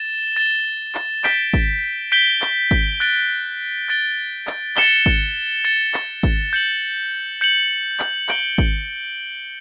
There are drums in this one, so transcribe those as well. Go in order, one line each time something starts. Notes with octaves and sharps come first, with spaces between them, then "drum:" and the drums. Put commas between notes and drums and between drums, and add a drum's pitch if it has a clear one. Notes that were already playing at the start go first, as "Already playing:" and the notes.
Already playing: A6 E7 G7
A6 E7 G7
drum: clap
G6 B6 D7 G7, drum: clap
drum: kick G#1
G6 B6 D7 G7
drum: clap
drum: kick G#1
F#6 A6 D7 G7
F#6 A6 D7 G7
drum: clap
A6 C#7 E7 G7, drum: clap
drum: kick G#1
A6 C#7 E7 G7
drum: clap
drum: kick G#1
G6 C#7 F#7
G6 C#7 F#7
drum: clap
G6 D7 G7, drum: clap
drum: kick G#1